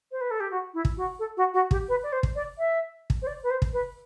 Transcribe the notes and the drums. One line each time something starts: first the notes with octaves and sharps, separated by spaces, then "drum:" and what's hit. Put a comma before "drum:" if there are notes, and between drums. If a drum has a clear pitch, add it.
C5
B4
A4
G4
F#4
E4
drum: kick
F#4
A4
F#4
F#4
G4, drum: kick
B4
D5
C5
drum: kick
D5
E5
drum: kick
C5
D5
B4
C5
drum: kick
B4